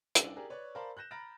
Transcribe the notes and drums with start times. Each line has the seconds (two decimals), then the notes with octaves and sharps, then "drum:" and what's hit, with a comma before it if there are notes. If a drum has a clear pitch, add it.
0.15 C2 C#4 D4 E6 F#7, drum: hi-hat
0.36 G4 G#4 A#4 D5
0.50 B4 C#5 D5 C#6
0.75 A#4 C5 D5 F5 A5 B5
0.97 F#6 G6 A#6 E7
1.11 A#5 B5 F6 A6 A#6 D7